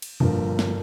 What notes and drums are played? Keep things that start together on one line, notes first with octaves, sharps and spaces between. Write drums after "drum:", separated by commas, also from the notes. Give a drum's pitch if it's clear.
drum: cymbal
G1 G2 F3 A#3, drum: tom A#2
drum: snare